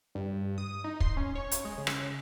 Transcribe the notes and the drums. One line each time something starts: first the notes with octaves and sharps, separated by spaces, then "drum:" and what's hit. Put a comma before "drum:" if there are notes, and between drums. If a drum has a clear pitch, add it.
G2
D#6
D#4
C6, drum: kick
C#4
C#5
drum: hi-hat
G#3
C#3
drum: rim click